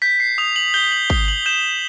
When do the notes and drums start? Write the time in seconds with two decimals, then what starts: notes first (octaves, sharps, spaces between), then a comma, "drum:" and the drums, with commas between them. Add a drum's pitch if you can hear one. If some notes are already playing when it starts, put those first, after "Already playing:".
0.02 G6 B6
0.20 C7
0.38 D#6 F7
0.56 F#7
0.74 G6 G7
0.92 F#7
1.10 D#6 G7, drum: kick G#1
1.28 F#7
1.46 G6 E7